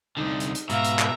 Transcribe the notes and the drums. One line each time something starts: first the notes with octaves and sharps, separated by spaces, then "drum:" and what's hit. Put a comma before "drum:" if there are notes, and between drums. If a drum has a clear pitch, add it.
C2 D3 D#4
drum: hi-hat
drum: hi-hat
G#2 B2 E5 F5 A#5, drum: hi-hat
drum: hi-hat
drum: clap